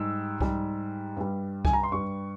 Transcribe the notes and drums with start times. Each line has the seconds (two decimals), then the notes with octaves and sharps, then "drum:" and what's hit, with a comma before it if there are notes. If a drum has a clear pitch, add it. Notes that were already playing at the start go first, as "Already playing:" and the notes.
Already playing: G#2 G3 E6
0.41 G#2 G3, drum: kick C2
1.17 G2 G3
1.65 G#5, drum: kick C2
1.73 A#5
1.84 C6
1.92 G2 G3 C#6